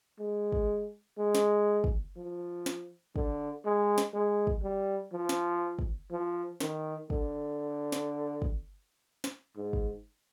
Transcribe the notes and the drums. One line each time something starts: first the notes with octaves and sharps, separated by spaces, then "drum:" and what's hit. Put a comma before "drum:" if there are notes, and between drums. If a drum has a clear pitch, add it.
G#3
drum: kick
G#3
drum: snare
drum: kick
F3
drum: snare
D3, drum: kick
G#3
drum: snare
G#3
drum: kick
G3
F3
drum: snare
drum: kick
F3
D#3, drum: snare
D3, drum: kick
drum: snare
drum: kick
drum: snare
G#2
drum: kick